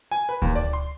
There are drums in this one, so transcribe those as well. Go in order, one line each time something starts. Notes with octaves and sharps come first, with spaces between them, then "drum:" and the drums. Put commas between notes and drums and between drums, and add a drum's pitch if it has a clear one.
G#5
B4
D#2, drum: kick D2
D5
C6